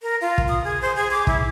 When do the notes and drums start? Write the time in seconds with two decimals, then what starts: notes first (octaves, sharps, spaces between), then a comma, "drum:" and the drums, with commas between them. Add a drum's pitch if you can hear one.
0.02 A#4
0.21 F4
0.38 drum: kick
0.49 D#6
0.64 G#4
0.81 C5
0.96 G#4
1.11 D6
1.27 E4, drum: kick